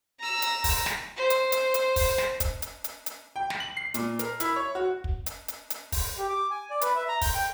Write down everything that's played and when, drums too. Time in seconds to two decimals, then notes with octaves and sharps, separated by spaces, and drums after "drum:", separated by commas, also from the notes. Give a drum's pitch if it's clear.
0.20 A#5 E6
0.42 drum: hi-hat
0.64 drum: kick, open hi-hat
0.86 drum: snare
1.16 C5
1.30 drum: hi-hat
1.52 drum: hi-hat
1.74 drum: hi-hat
1.96 drum: kick, open hi-hat
2.18 drum: snare
2.40 drum: kick, hi-hat
2.62 drum: hi-hat
2.84 drum: hi-hat
3.06 drum: hi-hat
3.36 G5
3.50 drum: snare
3.60 F#7
3.77 C7
3.94 A#2, drum: hi-hat
4.19 A#4, drum: hi-hat
4.40 E4, drum: hi-hat
4.56 C#5
4.75 F#4
5.04 drum: kick
5.26 drum: hi-hat
5.48 drum: hi-hat
5.70 drum: hi-hat
5.92 drum: kick, open hi-hat
6.18 G4
6.29 D6
6.51 G#5
6.70 D5
6.81 B4, drum: hi-hat
6.95 E5
7.08 A#5
7.21 G6, drum: kick, open hi-hat
7.35 G5